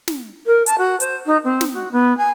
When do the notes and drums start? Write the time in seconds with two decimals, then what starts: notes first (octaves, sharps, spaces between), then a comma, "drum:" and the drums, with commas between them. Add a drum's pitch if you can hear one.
0.08 drum: snare
0.46 A#4
0.66 A5, drum: hi-hat
0.78 F#4
1.00 C5, drum: hi-hat
1.26 D#4
1.44 C4
1.61 drum: snare
1.73 F#4
1.91 B3
2.17 G#5